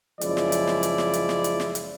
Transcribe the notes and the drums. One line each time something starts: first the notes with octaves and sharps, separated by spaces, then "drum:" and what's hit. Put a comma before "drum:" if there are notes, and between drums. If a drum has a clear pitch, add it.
F#1 F3 G#3 C#4 E4 D5, drum: hi-hat
drum: snare
drum: hi-hat
drum: snare
drum: hi-hat
drum: snare
drum: hi-hat
drum: snare
drum: hi-hat
drum: snare
drum: hi-hat